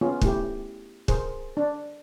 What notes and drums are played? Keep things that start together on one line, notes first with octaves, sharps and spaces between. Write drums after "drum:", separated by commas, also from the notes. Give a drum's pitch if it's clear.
B3 C#4 F4 G#4
A3 E4 G4, drum: kick
G#4 A#4 C5, drum: kick
D4